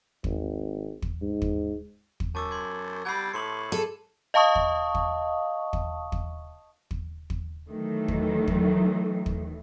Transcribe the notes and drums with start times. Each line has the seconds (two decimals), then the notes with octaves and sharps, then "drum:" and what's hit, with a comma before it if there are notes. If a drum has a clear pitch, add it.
0.24 G#1, drum: kick
1.02 drum: kick
1.22 G#2
1.42 drum: kick
2.20 drum: kick
2.35 F#2 A5 C#6 D6 E6
2.51 C6 D6 G#6
3.05 G3 F#5 B5 G#6 C7
3.34 A2 C6 C#6 C#7 F#7
3.72 G#4 A4 D#7
4.34 D#5 F5 A5 C#6 D#6
4.55 drum: kick
4.95 drum: kick
5.73 drum: kick
6.12 drum: kick
6.91 drum: kick
7.30 drum: kick
7.69 D#3 E3 F#3 A3
8.08 drum: kick
8.48 drum: kick
9.26 drum: kick